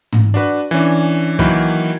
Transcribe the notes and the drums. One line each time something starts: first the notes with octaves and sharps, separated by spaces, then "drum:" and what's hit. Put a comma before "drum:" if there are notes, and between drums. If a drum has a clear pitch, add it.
drum: tom G#2
D4 F#4 B4
E3 C#4 D4
D#3 E3 F#3 A#3 B5, drum: kick